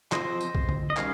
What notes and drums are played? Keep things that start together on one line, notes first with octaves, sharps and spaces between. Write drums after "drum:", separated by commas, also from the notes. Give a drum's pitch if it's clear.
F3 C4 C5 D#5, drum: clap
drum: tambourine
drum: kick B1
drum: tom D3
D#5
D#3 G3 C#4 C#5 F5, drum: clap